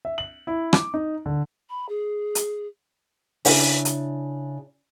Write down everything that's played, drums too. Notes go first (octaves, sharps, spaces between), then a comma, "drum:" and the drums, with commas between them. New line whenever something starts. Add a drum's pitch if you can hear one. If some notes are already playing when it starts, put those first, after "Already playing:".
E5
F#7
E4
D6, drum: rim click
D#4
D3
B5
G#4
drum: hi-hat
C#3 D4 E4 E5, drum: open hi-hat
drum: hi-hat